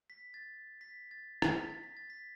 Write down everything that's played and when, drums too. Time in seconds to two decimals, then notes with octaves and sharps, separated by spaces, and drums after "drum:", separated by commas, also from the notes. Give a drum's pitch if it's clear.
0.10 B6
0.34 A6
0.81 B6
1.11 A6
1.42 A6, drum: rim click
1.56 B6
1.70 A6
1.83 B6
1.97 A6
2.10 B6